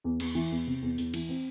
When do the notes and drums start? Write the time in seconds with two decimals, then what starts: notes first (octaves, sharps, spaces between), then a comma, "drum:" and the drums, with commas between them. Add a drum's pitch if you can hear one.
0.04 E2
0.20 E2, drum: cymbal
0.35 E3
0.51 E2
0.67 C3
0.82 E2
0.98 E2, drum: open hi-hat
1.14 E3, drum: cymbal
1.29 C4